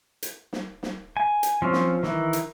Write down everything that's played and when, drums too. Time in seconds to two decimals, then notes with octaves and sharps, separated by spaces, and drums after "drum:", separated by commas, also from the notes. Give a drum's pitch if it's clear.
0.23 drum: hi-hat
0.53 drum: snare
0.83 drum: snare
1.17 G#5
1.43 drum: hi-hat
1.62 F3 C4 C#4
1.73 drum: snare
2.03 D#3 E3, drum: snare
2.33 drum: hi-hat